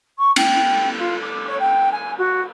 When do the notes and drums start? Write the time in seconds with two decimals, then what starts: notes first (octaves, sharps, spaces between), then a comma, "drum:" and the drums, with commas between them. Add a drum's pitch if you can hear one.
0.18 C#6
0.36 G5, drum: cymbal
0.98 F4
1.21 D6
1.47 C#5
1.59 G5
1.92 G#5
2.18 F#4